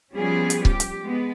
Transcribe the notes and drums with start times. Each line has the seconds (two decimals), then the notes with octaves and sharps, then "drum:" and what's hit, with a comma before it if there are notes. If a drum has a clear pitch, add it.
0.16 F3 G3 B3 C#4 F4 G#4
0.50 drum: hi-hat
0.65 G4, drum: kick C#1
0.80 drum: hi-hat
1.02 G#3 B3